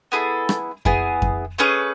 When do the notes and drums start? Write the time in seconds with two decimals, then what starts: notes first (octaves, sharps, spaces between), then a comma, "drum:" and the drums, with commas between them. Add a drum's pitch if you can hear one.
0.12 B3 E4 G#4 A4
0.49 drum: rim click
0.85 B3 E4 G#4, drum: kick F2
1.22 drum: kick F2
1.58 A3 C#4 G#4 B4